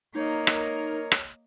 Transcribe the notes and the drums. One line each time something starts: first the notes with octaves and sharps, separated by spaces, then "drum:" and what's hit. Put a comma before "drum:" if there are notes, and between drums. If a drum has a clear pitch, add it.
A#3 D#4 A#4 C#5 D#5
drum: rim click
drum: rim click